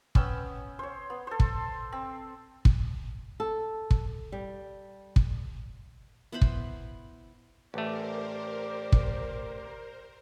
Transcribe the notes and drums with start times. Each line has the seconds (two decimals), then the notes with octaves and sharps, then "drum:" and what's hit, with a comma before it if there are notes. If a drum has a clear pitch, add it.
0.15 B3 C#4 G5 E6, drum: kick
0.79 C5 C#5
1.10 B3
1.27 A4 C5
1.40 drum: kick
1.92 C4
2.65 drum: kick
3.40 A4
3.91 drum: kick
4.32 G3
5.16 drum: kick
6.32 B3 E4 C5 B5
6.41 drum: kick
7.74 A1 A3 G4 A#4 C5 D5
8.92 drum: kick